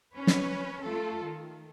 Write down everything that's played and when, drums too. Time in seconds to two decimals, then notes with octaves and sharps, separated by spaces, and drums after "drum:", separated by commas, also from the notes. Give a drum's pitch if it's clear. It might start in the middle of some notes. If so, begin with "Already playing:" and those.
0.15 C#4 B4 C#5
0.27 drum: snare
0.82 A3 F4 A4
1.21 D#3